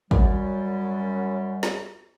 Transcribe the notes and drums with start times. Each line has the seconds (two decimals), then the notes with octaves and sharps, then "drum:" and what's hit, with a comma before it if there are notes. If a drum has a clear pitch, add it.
0.11 F#2 G3, drum: kick
1.63 drum: snare